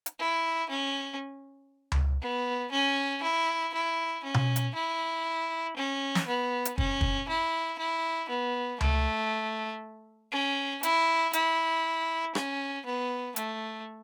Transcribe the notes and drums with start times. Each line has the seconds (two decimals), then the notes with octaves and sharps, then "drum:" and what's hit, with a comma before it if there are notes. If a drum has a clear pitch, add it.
0.06 drum: hi-hat
0.19 E4
0.70 C#4
1.92 drum: tom C#2
2.21 B3
2.72 C#4
3.23 E4
3.74 E4
4.24 C#4
4.34 drum: tom B2
4.56 drum: hi-hat
4.75 E4
5.76 C#4
6.15 drum: snare
6.27 B3
6.65 drum: hi-hat
6.78 C#4, drum: kick
7.01 drum: kick
7.28 E4
7.79 E4
8.29 B3
8.81 A3, drum: tom C#2
10.32 C#4
10.83 E4, drum: hi-hat
11.33 E4, drum: hi-hat
12.35 C#4, drum: rim click
12.85 B3
13.36 A3, drum: hi-hat